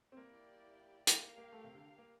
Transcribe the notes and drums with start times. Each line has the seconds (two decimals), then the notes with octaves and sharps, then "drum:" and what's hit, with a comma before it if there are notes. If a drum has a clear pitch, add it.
0.12 C4
0.17 A#3 E4 G4 D5
1.07 A#3 G4 A#4 F5, drum: hi-hat
1.23 A#3
1.38 A#3
1.52 A3
1.64 C3
1.75 D3
1.98 A#3